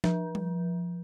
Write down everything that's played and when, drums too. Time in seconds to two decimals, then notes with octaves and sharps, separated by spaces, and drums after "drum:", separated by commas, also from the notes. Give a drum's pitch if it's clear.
0.04 F3, drum: snare
0.35 drum: tom G3